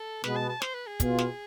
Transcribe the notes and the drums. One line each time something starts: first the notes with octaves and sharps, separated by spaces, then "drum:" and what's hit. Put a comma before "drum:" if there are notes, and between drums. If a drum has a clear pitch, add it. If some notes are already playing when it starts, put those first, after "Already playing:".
Already playing: A4
B2 G#3 B3 B4, drum: snare
A5
A5
C5, drum: snare
B4
G#4
B2 B3 F4, drum: kick, hi-hat
drum: snare